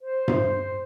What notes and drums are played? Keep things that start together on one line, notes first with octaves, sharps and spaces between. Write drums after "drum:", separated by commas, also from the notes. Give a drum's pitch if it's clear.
C5
drum: tom G2